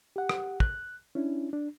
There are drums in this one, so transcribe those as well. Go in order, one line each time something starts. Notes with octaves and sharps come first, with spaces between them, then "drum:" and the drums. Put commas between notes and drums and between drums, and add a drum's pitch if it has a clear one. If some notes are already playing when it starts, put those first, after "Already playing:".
G4 F#5
drum: rim click
F#6, drum: kick
C#4 D4 E4
D4